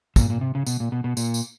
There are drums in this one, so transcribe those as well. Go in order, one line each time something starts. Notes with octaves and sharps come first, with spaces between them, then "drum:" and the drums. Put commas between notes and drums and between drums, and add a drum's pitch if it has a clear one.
A#2, drum: kick, tambourine
A#2
C3
C#3
B2, drum: tambourine
A#2
B2
B2
A#2, drum: tambourine
drum: tambourine